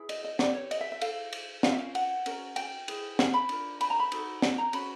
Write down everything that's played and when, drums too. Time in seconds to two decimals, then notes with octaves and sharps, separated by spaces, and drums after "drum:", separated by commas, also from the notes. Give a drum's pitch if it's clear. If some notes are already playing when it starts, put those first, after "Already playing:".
Already playing: E4 G#4 B4
0.09 D#5, drum: cymbal
0.24 D#5
0.39 E4 G4 B4 D5, drum: snare
0.55 C#5
0.71 D#5, drum: cymbal
0.81 E5
0.92 E5
1.01 E4 A4 F5, drum: cymbal
1.33 drum: cymbal
1.63 C#4 F4 A#4 F5, drum: snare
1.72 E5
1.79 F5
1.95 F#5, drum: cymbal
2.26 C#4 F#4 A#4, drum: cymbal
2.56 G5, drum: cymbal
2.88 E4 G#4 B4, drum: cymbal
3.19 F5, drum: snare
3.34 B5
3.49 D4 F4 A#4, drum: cymbal
3.81 B5, drum: cymbal
3.90 A#5
4.00 B5
4.12 D#4 F#4 A4, drum: cymbal
4.42 drum: snare
4.58 A#5
4.73 C#4 F#4 B4 B5, drum: cymbal